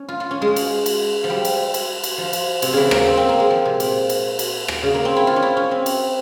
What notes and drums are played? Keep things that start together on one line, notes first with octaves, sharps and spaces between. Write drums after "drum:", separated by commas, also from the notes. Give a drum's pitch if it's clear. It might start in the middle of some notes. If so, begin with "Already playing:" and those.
Already playing: C#4
F4
F4
C#4
G#3
drum: cymbal
drum: cymbal
F3
G3
drum: cymbal
drum: cymbal
drum: cymbal
F3
drum: cymbal
C3, drum: cymbal
C#3 E3
A#3, drum: rim click
C4
C4
A#3
G#3
F3
C3
A#2, drum: cymbal
drum: cymbal
drum: cymbal
drum: rim click
C#3
A#3
C4
E4
F4
C#4
E4
C#4
C4
drum: cymbal